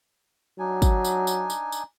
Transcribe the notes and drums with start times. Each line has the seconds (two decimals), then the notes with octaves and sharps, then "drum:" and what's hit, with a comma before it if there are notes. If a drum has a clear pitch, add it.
0.59 F#3 D4 D#4 G#5
0.82 drum: kick, tambourine
1.05 drum: tambourine
1.27 drum: tambourine
1.50 drum: tambourine
1.72 drum: tambourine